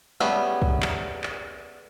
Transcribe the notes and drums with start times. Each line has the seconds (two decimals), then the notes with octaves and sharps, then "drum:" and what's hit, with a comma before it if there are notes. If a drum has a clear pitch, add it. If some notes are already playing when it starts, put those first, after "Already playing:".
0.20 G3 A3 B3 C#4 G#4
0.62 drum: kick
0.82 drum: clap
1.24 drum: clap